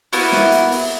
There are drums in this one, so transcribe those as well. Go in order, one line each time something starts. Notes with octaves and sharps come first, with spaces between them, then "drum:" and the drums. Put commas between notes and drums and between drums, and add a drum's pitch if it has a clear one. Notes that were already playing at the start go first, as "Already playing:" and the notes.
A#3 B3 E4 F#4, drum: open hi-hat
drum: snare
drum: hi-hat
drum: open hi-hat